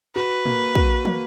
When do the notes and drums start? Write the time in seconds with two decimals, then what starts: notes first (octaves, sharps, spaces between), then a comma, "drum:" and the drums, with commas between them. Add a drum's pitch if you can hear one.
0.16 F#4 B4
0.46 A#3, drum: tom A2
0.75 F#4, drum: kick
1.05 A#3, drum: tom